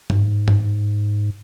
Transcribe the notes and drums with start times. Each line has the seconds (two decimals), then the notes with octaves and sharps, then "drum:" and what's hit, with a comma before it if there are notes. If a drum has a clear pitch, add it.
0.10 G#2, drum: tom G2
0.48 drum: tom G2